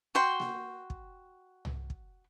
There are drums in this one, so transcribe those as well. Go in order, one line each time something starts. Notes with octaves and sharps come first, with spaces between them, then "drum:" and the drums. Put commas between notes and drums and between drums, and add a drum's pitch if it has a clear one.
F#4 G5 C6
drum: snare A#3
drum: kick
drum: tom C2
drum: kick